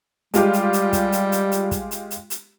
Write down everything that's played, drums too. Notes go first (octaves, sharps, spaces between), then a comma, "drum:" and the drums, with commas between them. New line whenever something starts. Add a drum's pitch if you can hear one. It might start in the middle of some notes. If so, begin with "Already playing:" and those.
G3 G#3 F4 G4, drum: hi-hat
drum: hi-hat
drum: hi-hat
drum: kick, hi-hat
drum: hi-hat
drum: hi-hat
drum: hi-hat
drum: kick, hi-hat
drum: hi-hat
drum: hi-hat
drum: hi-hat